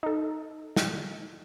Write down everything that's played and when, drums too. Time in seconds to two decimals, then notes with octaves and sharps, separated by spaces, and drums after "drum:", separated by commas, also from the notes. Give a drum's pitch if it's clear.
0.03 D#4 A4
0.76 drum: snare